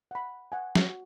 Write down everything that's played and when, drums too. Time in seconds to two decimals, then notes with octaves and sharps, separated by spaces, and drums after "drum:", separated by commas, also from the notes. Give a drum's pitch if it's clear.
0.11 F#5 B5
0.52 F#5 G#5
0.75 F#4, drum: snare